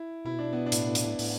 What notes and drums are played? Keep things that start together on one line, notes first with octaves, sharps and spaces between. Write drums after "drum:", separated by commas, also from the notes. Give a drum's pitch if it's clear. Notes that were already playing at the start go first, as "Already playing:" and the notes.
Already playing: E4
B2 E4
D4
B3
D4
A2, drum: hi-hat
drum: hi-hat
A2, drum: open hi-hat